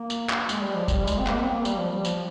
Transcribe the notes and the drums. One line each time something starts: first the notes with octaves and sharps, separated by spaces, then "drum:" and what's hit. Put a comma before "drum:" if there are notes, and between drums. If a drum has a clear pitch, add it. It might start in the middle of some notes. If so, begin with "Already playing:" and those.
Already playing: A#3
drum: tambourine
drum: clap
G#3, drum: tambourine
G3
F3
G3, drum: kick F1, tambourine
G#3, drum: tambourine
C4
A#3, drum: clap
C4
A#3
G3, drum: tambourine
F3
G3
F3, drum: tambourine